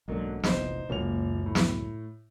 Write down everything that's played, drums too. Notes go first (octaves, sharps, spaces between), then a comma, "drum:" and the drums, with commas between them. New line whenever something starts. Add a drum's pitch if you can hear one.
B1 G#2 D3 F#3 A#3
F1 A#1 E3 D#4 C5, drum: snare
F#1 C#2 F#2 A#2 F#3 F7
A2
drum: snare